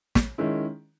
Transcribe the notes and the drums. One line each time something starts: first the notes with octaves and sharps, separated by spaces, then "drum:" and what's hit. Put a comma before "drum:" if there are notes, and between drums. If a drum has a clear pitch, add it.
drum: snare
D#3 G#3 C#4 E4